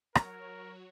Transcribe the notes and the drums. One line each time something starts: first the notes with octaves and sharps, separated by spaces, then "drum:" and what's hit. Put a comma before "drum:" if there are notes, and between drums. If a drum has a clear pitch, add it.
F#3 F#4 A#4 C#5, drum: rim click